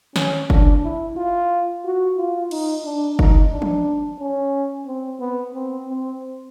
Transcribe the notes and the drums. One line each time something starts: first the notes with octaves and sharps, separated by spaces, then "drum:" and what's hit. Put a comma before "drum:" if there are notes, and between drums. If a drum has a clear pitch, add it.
C#4, drum: snare
D4, drum: kick F#1
E4
F4
F#4
F4
D#4, drum: cymbal
D4
D#4, drum: kick F#1
D4
drum: tom E3
C#4
C4
B3
C4
C4